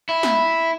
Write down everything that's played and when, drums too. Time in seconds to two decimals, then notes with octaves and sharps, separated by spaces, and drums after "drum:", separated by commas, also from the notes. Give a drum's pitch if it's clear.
0.09 E4
0.23 drum: snare